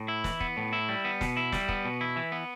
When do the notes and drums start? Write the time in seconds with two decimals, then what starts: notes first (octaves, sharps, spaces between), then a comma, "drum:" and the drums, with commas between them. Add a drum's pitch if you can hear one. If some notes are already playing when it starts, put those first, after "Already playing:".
Already playing: A2
0.08 E4
0.24 E3, drum: snare
0.40 B3, drum: kick
0.57 A2
0.73 E4
0.89 G3
1.05 B3
1.21 B2, drum: snare
1.37 E4
1.52 G3, drum: snare
1.69 B3, drum: kick
1.85 B2
2.01 E4
2.16 E3
2.32 B3